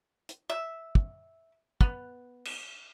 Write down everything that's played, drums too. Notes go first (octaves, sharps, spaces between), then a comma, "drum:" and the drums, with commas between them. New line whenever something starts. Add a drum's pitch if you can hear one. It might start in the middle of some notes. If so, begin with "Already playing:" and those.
drum: hi-hat
E5
drum: kick
B3, drum: kick
drum: cymbal